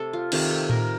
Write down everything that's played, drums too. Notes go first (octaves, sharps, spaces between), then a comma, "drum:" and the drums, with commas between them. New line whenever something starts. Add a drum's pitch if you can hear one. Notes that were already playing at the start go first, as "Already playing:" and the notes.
Already playing: C3 A3 A4
F4
C3 D#3 A3 F4, drum: cymbal
A4
A#4, drum: tom A2